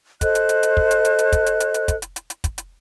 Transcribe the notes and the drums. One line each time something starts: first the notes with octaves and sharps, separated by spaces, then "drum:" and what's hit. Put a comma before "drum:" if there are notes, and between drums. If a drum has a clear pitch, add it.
A4 C5 D#5 F#6, drum: kick, hi-hat
drum: hi-hat
drum: hi-hat
drum: hi-hat
drum: kick
drum: hi-hat
drum: hi-hat
drum: hi-hat
drum: kick, hi-hat
drum: hi-hat
drum: hi-hat
drum: hi-hat
drum: kick, hi-hat
drum: hi-hat
drum: hi-hat
drum: hi-hat
drum: kick, hi-hat
drum: hi-hat